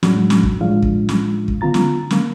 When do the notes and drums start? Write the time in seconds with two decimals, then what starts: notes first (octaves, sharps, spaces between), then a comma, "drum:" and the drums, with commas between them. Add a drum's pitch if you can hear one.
0.03 A2 F3 F#3 G#3 D4 F#4, drum: snare
0.30 drum: snare
0.43 drum: kick
0.61 A2 F3 G#3 D4 F4 F5
0.82 drum: kick
1.09 drum: snare
1.48 drum: kick
1.61 D3 B3 F4 A#5 A6
1.74 drum: snare
2.11 D3 A#3, drum: snare